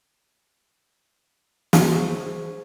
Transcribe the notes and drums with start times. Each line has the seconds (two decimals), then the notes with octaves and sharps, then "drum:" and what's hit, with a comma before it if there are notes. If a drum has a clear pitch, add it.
1.73 G#4 C5 C#6, drum: snare